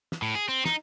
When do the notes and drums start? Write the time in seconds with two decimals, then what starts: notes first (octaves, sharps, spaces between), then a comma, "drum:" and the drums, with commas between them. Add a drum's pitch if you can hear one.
0.12 drum: snare
0.22 A2
0.35 G#4
0.49 C4
0.65 D#4, drum: snare